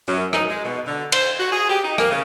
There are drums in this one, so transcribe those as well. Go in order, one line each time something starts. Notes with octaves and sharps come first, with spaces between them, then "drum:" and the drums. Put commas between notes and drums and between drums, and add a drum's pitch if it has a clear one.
F#2
D#4, drum: rim click
G#3
B2
D3
C5, drum: cymbal
F#4
G#4
G4
D#4
A#3, drum: rim click
C#3